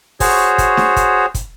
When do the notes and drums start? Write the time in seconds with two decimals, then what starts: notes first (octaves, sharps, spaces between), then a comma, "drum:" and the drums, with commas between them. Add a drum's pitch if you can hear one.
0.20 F#4 G#4 C5 C#5, drum: kick, open hi-hat
0.58 drum: kick, hi-hat
0.77 drum: snare
0.96 drum: kick, hi-hat
1.34 drum: kick, hi-hat